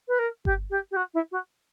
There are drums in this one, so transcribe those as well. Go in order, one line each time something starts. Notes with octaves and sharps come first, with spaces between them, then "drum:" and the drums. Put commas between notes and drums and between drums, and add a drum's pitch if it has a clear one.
B4
A#4
G4, drum: kick G1
G4
G4
F#4
E4
F#4